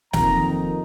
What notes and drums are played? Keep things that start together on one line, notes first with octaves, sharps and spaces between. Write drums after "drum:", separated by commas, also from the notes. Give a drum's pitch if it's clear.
F2 D#3 A#3 D#4 A#5, drum: snare